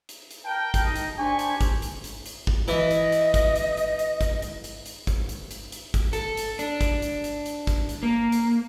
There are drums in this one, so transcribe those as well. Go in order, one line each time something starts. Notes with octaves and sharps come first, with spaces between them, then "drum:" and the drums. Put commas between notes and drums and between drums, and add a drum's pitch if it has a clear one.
drum: hi-hat
drum: hi-hat
A#4 G5 A5
drum: kick, hi-hat
D#4
drum: hi-hat
D4 G4 C5 G#5 C#6
drum: hi-hat
drum: kick, hi-hat
drum: hi-hat
drum: hi-hat
drum: hi-hat
drum: kick
E3 D#5, drum: hi-hat
drum: hi-hat
drum: hi-hat
drum: kick, hi-hat
drum: hi-hat
drum: hi-hat
drum: hi-hat
drum: kick, hi-hat
drum: hi-hat
drum: hi-hat
drum: hi-hat
drum: kick, hi-hat
drum: hi-hat
drum: hi-hat
drum: hi-hat
drum: kick, hi-hat
A4, drum: hi-hat
drum: hi-hat
D4, drum: hi-hat
drum: kick, hi-hat
drum: hi-hat
drum: hi-hat
drum: hi-hat
drum: kick, hi-hat
drum: hi-hat
A#3
drum: hi-hat